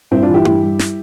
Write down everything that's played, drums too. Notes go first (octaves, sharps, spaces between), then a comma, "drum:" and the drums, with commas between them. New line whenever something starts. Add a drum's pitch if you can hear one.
G2 C4 E4
D4 F4
E3
E4 G4
G2, drum: tom E4
G3
drum: snare